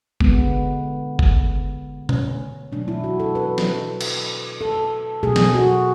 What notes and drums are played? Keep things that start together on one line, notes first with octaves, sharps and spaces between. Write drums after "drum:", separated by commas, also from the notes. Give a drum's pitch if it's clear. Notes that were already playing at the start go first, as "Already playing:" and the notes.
D3 G#3 B3, drum: kick F#1
drum: kick F#1
C#4, drum: tom B2
B2 F#3 A3 D4
E4
F#4
A4
B4
drum: snare
drum: cymbal
A4
B2 A3 G#4
drum: snare
F#4